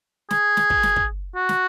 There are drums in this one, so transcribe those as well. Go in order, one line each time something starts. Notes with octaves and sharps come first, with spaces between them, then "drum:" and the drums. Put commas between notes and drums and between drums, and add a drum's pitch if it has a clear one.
G#4, drum: snare
drum: snare
drum: kick
drum: snare
drum: kick
F#4
drum: snare